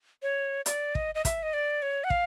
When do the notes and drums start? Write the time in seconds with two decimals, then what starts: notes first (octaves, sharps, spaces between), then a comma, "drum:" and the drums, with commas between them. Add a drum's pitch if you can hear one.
0.22 C#5
0.66 D5, drum: hi-hat
0.95 D#5, drum: kick
1.15 D#5
1.25 E5, drum: kick, hi-hat
1.43 D#5
1.53 D5
1.82 C#5
2.04 F#5
2.10 F5, drum: kick